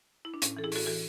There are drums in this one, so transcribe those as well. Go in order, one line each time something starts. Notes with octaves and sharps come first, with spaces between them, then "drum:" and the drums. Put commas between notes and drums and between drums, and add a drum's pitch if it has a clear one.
E4
D4
A2 C#4, drum: hi-hat
E3 A4
E4 G#4
A2 F#4 A4, drum: open hi-hat
E3 F#4 A4